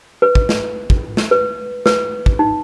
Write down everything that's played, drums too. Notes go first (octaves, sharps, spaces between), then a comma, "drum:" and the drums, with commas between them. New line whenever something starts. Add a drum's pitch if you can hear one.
B4
drum: kick
drum: snare
drum: kick
drum: snare
B4
B4, drum: snare
drum: kick
D#4